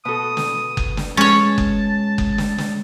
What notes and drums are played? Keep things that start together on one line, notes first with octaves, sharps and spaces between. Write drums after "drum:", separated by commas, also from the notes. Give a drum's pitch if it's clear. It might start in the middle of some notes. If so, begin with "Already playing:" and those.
B2 A4 D#6
drum: snare
drum: kick F#1
drum: snare
G#3 C#4 C#5 A5
drum: kick F#1
drum: kick F#1
drum: snare
drum: snare